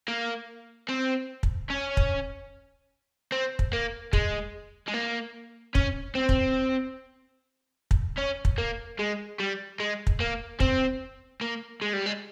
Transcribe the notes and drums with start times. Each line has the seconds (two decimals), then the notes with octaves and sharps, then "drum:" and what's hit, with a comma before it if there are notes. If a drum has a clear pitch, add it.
0.08 A#3
0.89 C4
1.43 drum: kick
1.70 C#4
1.97 drum: kick
3.32 C4
3.59 drum: kick
3.73 A#3
4.13 G#3, drum: kick
4.88 G#3
4.94 A#3
5.75 C#4, drum: kick
6.15 C4
6.29 drum: kick
7.91 drum: kick
8.18 C#4
8.45 drum: kick
8.58 A#3
8.99 G#3
9.39 G3
9.80 G#3
10.07 drum: kick
10.20 A#3
10.60 C4, drum: kick
11.41 A#3
11.81 G#3
11.93 G3
12.06 G#3